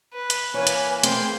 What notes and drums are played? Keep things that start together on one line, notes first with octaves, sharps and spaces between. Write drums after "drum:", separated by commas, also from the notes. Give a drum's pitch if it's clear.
B4
drum: hi-hat
E3 A#3 C#5 G#5
drum: hi-hat
A3 C4 G#4 G5 C6, drum: hi-hat